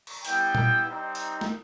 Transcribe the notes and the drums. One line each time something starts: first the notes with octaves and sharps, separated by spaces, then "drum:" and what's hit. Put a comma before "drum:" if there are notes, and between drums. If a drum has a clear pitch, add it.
drum: cymbal
G3 B3 E4 G5, drum: open hi-hat
drum: tom A#2
G3 C4 D#4
drum: open hi-hat
drum: snare